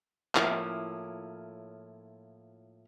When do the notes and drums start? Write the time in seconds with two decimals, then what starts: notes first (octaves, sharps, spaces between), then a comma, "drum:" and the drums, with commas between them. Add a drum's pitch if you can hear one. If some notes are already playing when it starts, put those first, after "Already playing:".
0.35 A2 F3 A#3 C#4 E4, drum: clap